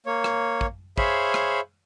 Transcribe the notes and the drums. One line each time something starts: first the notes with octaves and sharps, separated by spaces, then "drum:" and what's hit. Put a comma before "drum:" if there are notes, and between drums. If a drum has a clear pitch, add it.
A#3 C#5
drum: rim click
drum: kick
G#4 C5 C#5 E5 F5 B5, drum: kick
drum: rim click